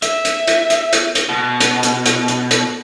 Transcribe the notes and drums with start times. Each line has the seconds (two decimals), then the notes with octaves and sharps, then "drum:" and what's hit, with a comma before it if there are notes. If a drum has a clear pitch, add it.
0.02 E5, drum: hi-hat
0.25 drum: hi-hat
0.48 drum: hi-hat
0.70 drum: hi-hat
0.93 drum: hi-hat
1.15 drum: hi-hat
1.29 B2
1.60 drum: hi-hat
1.83 drum: hi-hat
2.06 drum: hi-hat
2.28 drum: hi-hat
2.51 drum: hi-hat